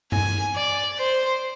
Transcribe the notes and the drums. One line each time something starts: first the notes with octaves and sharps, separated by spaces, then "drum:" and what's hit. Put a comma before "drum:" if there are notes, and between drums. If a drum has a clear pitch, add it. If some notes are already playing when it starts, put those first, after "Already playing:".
G#5, drum: tom G2
D5
C5